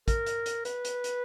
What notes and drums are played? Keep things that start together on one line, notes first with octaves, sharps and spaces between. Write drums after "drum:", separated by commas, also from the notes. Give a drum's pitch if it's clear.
A#4, drum: kick, hi-hat
drum: hi-hat
drum: hi-hat
B4, drum: hi-hat
drum: hi-hat
drum: hi-hat